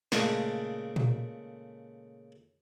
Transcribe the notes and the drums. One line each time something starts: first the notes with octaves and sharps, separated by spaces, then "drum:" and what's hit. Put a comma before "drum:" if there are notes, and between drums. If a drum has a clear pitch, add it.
A#2 C#3 G#3 A3, drum: snare
drum: tom A#2